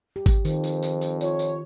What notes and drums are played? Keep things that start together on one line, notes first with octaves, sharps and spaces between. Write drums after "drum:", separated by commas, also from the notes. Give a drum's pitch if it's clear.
G4
drum: kick G#1, tambourine
F2 D#3 C5, drum: tambourine
drum: tambourine
drum: tambourine
drum: tambourine
F4 C#5, drum: tambourine
drum: tambourine